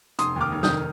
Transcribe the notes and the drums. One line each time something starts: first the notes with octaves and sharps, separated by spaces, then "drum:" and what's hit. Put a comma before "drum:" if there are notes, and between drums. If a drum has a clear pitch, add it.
F1 C6 D#6, drum: hi-hat
D#2 D6 F6
F1
D#6 G6, drum: snare
D#3